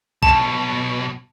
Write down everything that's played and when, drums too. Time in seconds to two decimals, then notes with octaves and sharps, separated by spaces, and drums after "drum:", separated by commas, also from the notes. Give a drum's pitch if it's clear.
0.23 B1 B2 A5, drum: kick A#1